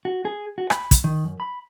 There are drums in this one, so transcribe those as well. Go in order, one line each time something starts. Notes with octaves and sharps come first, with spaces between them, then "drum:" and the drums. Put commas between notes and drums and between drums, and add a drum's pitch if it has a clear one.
F#4
G#4
F#4
B5, drum: rim click
drum: kick, hi-hat
D#3
F#2
B5